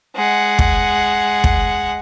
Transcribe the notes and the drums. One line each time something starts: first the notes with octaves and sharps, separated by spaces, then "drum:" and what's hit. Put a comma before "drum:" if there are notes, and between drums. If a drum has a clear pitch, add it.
G#3 F#5
drum: kick
drum: kick